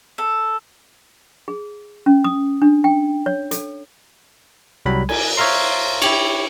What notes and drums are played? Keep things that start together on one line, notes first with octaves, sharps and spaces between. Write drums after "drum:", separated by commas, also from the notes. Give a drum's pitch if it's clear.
A4
G#4
C#4
D#6
D4
G5
C#5
A4, drum: hi-hat
C2 F#3 G3 B5
G#5, drum: cymbal
C5 C#5 E5 F5 A#5 C6
E4 G4 C#5, drum: cymbal